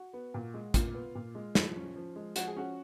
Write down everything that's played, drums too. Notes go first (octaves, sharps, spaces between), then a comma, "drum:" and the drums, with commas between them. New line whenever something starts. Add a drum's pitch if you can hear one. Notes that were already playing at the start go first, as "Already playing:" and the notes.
Already playing: F#4
B3
A#2
G#3
A#2 F4, drum: kick, hi-hat
B3
A#2
G#3
F3, drum: snare
C#4
F3
G#3
F3 F#4, drum: hi-hat
G#4
C#4 F#4